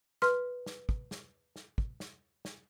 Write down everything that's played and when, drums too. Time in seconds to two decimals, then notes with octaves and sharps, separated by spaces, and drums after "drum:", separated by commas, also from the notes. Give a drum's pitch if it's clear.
0.22 B4 C6 F6, drum: snare
0.66 drum: snare
0.89 drum: kick
1.11 drum: snare
1.56 drum: snare
1.78 drum: kick
2.00 drum: snare
2.45 drum: snare